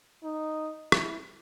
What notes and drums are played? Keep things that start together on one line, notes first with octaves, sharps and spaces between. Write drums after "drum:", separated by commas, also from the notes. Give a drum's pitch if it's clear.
D#4
E4, drum: rim click